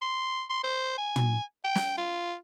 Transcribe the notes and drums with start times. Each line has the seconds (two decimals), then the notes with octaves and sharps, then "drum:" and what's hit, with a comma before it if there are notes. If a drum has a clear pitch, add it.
0.02 C6
0.50 C6
0.64 C5
0.98 G#5
1.16 drum: tom
1.64 G5
1.75 drum: snare
1.98 F4